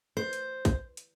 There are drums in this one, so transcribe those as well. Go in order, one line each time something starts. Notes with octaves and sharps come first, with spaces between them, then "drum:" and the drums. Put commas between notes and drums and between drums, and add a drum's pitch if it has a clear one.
C5, drum: rim click
drum: hi-hat
drum: kick, hi-hat
drum: hi-hat